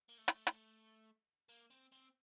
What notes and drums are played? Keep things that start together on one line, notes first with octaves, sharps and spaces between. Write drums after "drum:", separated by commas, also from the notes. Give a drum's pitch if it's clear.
A#3
A3
drum: hi-hat
drum: hi-hat
A#3
C4
C4